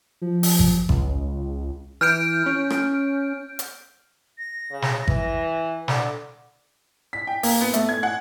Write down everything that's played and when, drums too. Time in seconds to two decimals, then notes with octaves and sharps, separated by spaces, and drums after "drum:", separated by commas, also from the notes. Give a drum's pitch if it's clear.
0.21 F3
0.43 drum: open hi-hat
0.59 drum: kick G#1
0.89 C#2, drum: kick G#1
2.01 E3 F6 G6 D7
2.46 C#4
2.70 drum: rim click
3.59 drum: hi-hat
4.38 A#6
4.71 C#3
4.82 drum: snare
5.08 E3, drum: kick G#1
5.88 D3 D6, drum: snare
7.13 B6
7.27 G5
7.43 A#3, drum: open hi-hat
7.61 B3
7.74 A3, drum: hi-hat
7.89 G#6
8.03 F#5